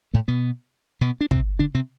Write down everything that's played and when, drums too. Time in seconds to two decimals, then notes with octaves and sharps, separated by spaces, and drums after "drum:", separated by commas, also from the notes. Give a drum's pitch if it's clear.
0.14 A2 A3
0.28 B2 B3
1.01 B2 B3
1.21 D4
1.31 C3 C4, drum: kick
1.59 D3 D4
1.75 C3 C4